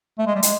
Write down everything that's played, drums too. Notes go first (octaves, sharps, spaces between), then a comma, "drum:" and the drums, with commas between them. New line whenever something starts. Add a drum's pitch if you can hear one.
A3
G#3
G3
G#3, drum: hi-hat